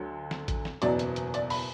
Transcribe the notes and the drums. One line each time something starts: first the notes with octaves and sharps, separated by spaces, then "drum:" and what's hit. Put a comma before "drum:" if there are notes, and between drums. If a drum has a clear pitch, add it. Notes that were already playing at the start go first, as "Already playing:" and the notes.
Already playing: D2 D3 F#3
drum: snare
drum: kick G#1, hi-hat
drum: snare
F#1 E2 B2 F#3 D5, drum: hi-hat
drum: hi-hat
drum: hi-hat
D5, drum: hi-hat
B5, drum: open hi-hat